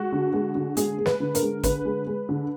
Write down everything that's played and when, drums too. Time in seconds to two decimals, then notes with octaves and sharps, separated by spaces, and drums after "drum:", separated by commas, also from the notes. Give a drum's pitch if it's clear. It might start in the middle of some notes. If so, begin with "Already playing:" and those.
Already playing: G#3 F#4
0.12 D3
0.33 G#3
0.55 D3
0.77 G#3 G#4, drum: hi-hat
0.98 G#3
1.06 B4, drum: snare
1.20 D3
1.35 A#4, drum: hi-hat
1.42 G#3
1.63 D3 B4, drum: kick, hi-hat
1.85 G#3
2.07 G#3
2.29 D3